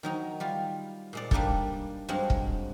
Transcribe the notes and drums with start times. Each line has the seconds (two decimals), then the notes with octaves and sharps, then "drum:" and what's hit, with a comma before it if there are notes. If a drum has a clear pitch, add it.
0.03 D#3 F#3 D#4
0.40 G3 F4
1.13 A#2 G#3 D5
1.31 G3 A#3 D4 D#4 A4, drum: kick
2.08 G2 F#3 G#3 C4 F5 F#5
2.30 drum: kick